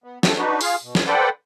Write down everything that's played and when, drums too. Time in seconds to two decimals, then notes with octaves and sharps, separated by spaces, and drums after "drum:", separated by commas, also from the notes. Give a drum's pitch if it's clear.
0.04 B3
0.23 A4, drum: snare
0.38 D4 D#4 F#4 B4
0.61 F4 G#4 F5, drum: open hi-hat
0.83 B2
0.95 drum: snare
1.07 A4 B4 C5 D5 F#5 G5